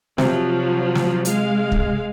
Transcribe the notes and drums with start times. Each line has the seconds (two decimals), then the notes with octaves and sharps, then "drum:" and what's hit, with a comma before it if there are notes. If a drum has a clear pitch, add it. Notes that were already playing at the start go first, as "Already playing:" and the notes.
0.18 C3 F3 F#3, drum: snare
0.95 drum: snare
1.25 G#3 F5, drum: hi-hat
1.72 drum: kick